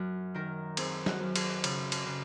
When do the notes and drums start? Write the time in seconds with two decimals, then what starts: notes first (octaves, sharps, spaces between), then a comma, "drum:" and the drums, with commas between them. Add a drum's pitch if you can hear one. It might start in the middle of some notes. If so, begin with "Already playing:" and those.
Already playing: F#2
0.34 D#3 A#4
0.77 C4 G#4, drum: cymbal
1.06 F#4, drum: snare
1.20 F#2
1.36 G#4, drum: cymbal
1.64 C#3, drum: cymbal
1.92 drum: cymbal
2.06 C#3